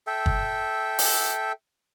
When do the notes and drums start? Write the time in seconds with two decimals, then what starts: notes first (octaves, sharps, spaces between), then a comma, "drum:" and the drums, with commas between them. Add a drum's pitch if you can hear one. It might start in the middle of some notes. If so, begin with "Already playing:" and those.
0.07 A4 E5 G5
0.26 drum: kick
0.99 drum: open hi-hat